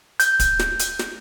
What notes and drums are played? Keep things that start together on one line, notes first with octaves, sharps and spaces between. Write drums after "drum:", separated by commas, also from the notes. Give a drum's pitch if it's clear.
G6, drum: hi-hat
drum: kick, hi-hat
drum: snare
drum: hi-hat
drum: snare